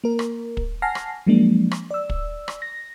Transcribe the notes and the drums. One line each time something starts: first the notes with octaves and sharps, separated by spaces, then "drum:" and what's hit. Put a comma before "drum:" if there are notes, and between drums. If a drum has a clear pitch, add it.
A#3 A#4
drum: rim click
drum: kick
F#5 G#5 A5 F6 A#6 C7
drum: rim click
F3 F#3 G#3 A#3 D4
drum: rim click
D5 E6
drum: kick
drum: rim click
A#6